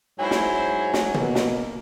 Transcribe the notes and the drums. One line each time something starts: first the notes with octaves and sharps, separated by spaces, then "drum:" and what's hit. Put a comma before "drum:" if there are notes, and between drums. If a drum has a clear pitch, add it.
G#2 F#3 E4 C5 G#5
drum: snare
drum: snare
B2 A#3, drum: tom
drum: snare